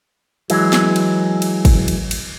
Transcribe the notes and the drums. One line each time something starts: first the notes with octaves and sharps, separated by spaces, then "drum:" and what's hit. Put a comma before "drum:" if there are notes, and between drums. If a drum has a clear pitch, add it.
E3 F#3 G#3, drum: cymbal
drum: snare
drum: cymbal
drum: cymbal
drum: kick, cymbal
drum: cymbal
drum: cymbal